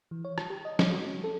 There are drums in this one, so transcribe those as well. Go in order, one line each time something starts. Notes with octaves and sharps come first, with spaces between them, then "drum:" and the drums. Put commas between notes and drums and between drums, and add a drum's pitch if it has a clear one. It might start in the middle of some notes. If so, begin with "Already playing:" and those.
E3
C#5
A5, drum: rim click
G4
D#5
C#5, drum: snare
F#4
C#4
A4